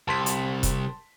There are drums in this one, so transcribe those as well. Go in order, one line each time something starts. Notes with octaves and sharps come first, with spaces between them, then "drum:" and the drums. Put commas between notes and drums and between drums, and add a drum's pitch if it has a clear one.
C2 A5 C6 B6
drum: hi-hat
drum: kick E1, hi-hat